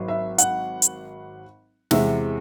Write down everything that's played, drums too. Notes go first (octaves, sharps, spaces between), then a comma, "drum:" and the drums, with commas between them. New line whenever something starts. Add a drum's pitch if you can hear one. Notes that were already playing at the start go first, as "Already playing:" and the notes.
Already playing: G#1 F#3
E5
F#5, drum: hi-hat
drum: hi-hat
E2 C3 E3 G#3 E5, drum: snare